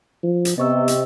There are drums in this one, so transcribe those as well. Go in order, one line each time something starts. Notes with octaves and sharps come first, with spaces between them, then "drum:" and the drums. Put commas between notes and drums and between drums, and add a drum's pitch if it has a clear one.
F3
drum: hi-hat
C3 B3 D#5 C#6 E6
drum: hi-hat